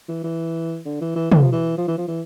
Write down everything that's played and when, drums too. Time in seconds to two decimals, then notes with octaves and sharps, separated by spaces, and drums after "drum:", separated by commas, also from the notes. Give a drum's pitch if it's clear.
0.09 E3
0.24 E3
0.85 D3
1.01 E3
1.16 E3
1.32 E3, drum: tom
1.42 F3
1.52 E3
1.78 F3
1.88 E3
1.98 F3
2.08 E3